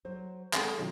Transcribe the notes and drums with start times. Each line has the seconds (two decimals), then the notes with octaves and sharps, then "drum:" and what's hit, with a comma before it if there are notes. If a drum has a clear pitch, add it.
0.05 F#3 C5
0.54 G#3 B3 C4 G#4 A4 F#5, drum: clap
0.78 B2 D#3 F#3 D#4 F4